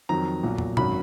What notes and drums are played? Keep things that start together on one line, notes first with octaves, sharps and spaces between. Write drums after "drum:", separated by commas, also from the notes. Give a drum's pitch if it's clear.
F2 D#3 F#3 A#5
B1 A#2 F#3
drum: tom
G#1 F#2 D#3 F#3 B5, drum: tom B2